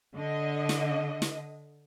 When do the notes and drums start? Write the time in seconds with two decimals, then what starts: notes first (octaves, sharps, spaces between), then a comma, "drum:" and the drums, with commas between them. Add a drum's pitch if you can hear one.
0.16 D3 D#5
0.69 drum: snare
1.22 drum: snare